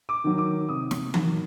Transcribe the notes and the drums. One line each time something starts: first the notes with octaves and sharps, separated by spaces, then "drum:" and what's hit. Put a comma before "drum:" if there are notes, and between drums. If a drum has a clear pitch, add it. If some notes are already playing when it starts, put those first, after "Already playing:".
D6
D#3 F#3
D6
C3 D#6
drum: snare
D#3 F#3, drum: tom E3